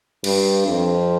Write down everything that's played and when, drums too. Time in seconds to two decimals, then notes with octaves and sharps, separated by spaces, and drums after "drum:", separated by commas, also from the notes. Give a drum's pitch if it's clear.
0.24 G2, drum: cymbal
0.67 F2